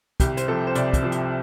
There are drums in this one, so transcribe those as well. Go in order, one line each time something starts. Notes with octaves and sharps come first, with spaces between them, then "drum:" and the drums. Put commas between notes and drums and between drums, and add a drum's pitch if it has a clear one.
C2 G4, drum: kick, hi-hat
C5, drum: hi-hat
C3 F3 A4
C5
C2 D5, drum: hi-hat
drum: kick, hi-hat
C3 F3
drum: hi-hat